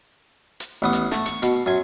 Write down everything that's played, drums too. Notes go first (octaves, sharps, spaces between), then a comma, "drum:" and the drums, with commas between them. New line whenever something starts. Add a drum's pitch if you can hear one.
drum: hi-hat
A1 B3 D#6
drum: hi-hat
A3, drum: snare
C#6, drum: hi-hat
B2, drum: hi-hat
F#2 G#5 C6